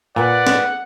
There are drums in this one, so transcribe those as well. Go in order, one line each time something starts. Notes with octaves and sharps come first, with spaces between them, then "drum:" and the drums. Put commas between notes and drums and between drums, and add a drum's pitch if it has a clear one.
A#2 B4 D5 F#5
drum: snare